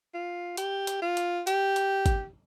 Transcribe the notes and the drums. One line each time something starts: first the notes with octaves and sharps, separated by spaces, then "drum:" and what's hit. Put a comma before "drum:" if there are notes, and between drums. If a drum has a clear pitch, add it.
F4
G4, drum: hi-hat
drum: hi-hat
F4
drum: hi-hat
G4, drum: hi-hat
drum: hi-hat
drum: kick G#1, hi-hat